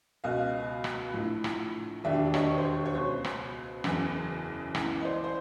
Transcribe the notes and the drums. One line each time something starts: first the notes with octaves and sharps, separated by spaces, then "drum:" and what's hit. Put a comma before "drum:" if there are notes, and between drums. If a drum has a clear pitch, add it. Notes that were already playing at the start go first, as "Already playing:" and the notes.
C#2 B2 D#5 F5
drum: rim click
A#1 A2 F3
drum: rim click
E1 D#2 D3 D5 E5
D5
C#5 D#5, drum: rim click
C5
C#5
C#5
C#2 B2 C5
drum: rim click
F#1 E2 C#3, drum: rim click
C#2 C#3 E3, drum: rim click
D#5
C5 D5
C5